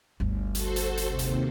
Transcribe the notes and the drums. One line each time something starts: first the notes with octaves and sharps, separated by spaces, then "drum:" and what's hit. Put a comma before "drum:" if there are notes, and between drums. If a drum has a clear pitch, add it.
G1 D2
F#4 A4 C5, drum: hi-hat
drum: hi-hat
drum: hi-hat
D#2 C3
drum: hi-hat